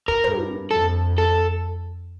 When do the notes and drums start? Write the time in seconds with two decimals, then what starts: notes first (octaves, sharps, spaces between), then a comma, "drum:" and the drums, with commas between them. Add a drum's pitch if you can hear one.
0.08 A#4, drum: kick
0.24 G2, drum: tom
0.71 F2 A4
1.18 A4